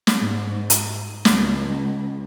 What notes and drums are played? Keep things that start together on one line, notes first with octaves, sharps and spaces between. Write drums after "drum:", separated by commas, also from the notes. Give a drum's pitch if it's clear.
drum: snare
G#2
drum: hi-hat
C#2, drum: snare